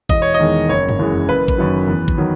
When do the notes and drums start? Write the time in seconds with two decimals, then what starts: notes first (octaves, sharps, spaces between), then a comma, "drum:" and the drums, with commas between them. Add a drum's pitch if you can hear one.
0.09 E1 D#5, drum: kick G#1
0.22 C#5
0.34 D#5
0.40 E2 D#3 G#3
0.69 F#1 C#5
0.89 drum: tom
0.99 F#2 E3 G#3
1.29 F#1 B4
1.48 drum: kick G#1
1.58 F#2 D#3 F#3
1.88 E2
2.08 drum: kick G#1
2.18 D#3 F#3